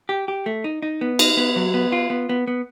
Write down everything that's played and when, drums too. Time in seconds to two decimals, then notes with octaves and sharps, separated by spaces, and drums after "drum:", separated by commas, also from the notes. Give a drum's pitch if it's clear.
0.09 G4
0.28 G4
0.46 A3
0.64 D#4
0.82 D#4
1.01 B3
1.19 D#4, drum: cymbal
1.37 B3
1.56 F#3
1.74 B3
1.92 F4
2.10 B3
2.29 B3
2.47 B3